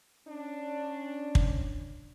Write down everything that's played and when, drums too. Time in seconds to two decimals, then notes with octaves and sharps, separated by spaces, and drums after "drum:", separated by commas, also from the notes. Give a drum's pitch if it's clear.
0.27 C#4 D4
1.35 drum: kick